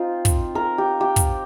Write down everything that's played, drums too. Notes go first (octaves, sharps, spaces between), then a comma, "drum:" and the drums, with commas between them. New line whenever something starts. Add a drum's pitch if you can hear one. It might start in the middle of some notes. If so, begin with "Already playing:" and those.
Already playing: C4 D#4 F4
drum: kick, hi-hat
A#4
G4
G4
drum: kick, hi-hat